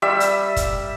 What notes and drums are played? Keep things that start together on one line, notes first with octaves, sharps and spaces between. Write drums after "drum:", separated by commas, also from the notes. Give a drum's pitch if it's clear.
G3 E5 E6
drum: hi-hat
drum: kick, hi-hat